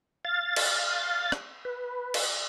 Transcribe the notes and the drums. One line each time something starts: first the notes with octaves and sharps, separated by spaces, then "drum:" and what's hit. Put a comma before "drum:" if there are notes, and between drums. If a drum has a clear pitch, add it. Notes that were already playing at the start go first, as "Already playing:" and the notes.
F5 A6
drum: cymbal
drum: rim click
B4
drum: cymbal